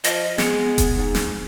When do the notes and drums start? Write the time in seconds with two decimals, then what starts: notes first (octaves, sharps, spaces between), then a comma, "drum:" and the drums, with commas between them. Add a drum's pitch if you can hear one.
0.04 F3 D#5, drum: hi-hat
0.38 G#3 B3, drum: snare
0.78 drum: kick E1, hi-hat
0.97 G#2
1.15 drum: snare